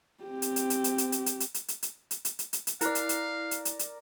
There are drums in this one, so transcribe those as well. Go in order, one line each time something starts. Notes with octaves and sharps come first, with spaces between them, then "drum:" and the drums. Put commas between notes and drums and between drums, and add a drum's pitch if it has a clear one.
C4 G4
drum: hi-hat
drum: hi-hat
drum: hi-hat
drum: hi-hat
drum: hi-hat
drum: hi-hat
drum: hi-hat
drum: hi-hat
drum: hi-hat
drum: hi-hat
drum: hi-hat
drum: hi-hat
drum: hi-hat
drum: hi-hat
drum: hi-hat
drum: hi-hat
E4 A#4 D5 F5 F#6, drum: hi-hat
drum: hi-hat
drum: hi-hat
drum: hi-hat
drum: hi-hat
drum: hi-hat